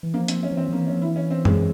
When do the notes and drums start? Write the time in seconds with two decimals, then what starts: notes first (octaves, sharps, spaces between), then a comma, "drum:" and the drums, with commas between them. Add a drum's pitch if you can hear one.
0.03 E3
0.14 F3 A#3
0.28 C4, drum: hi-hat
0.43 C#4
0.51 F3
0.57 E3 C4
0.69 F3 A#3
0.80 E3
0.87 C#4
0.91 F3
1.01 E3 E4
1.16 C#4
1.30 C4
1.45 G#3, drum: tom F#2